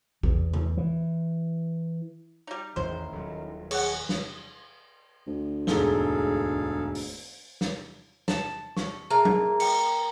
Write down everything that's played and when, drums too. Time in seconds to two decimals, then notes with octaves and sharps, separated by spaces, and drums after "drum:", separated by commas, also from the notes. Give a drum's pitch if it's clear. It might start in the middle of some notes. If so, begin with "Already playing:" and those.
0.23 E2, drum: kick A1
0.54 drum: tom C#3
0.77 E3
2.47 G3 D#4
2.76 A1 E2 D#3 C#4 E4 C5
3.12 D#1 F#3
3.71 G#4 C#5 F#5, drum: cymbal
4.09 drum: snare
5.27 D2
5.67 E1 G#2 G#4 A4 F5 G7, drum: snare
6.95 drum: open hi-hat
7.61 drum: snare
8.28 A5, drum: snare
8.77 C#6, drum: snare
9.11 A#3 G#4 E5 A5
9.25 drum: tom F#3
9.60 G5 C#7, drum: cymbal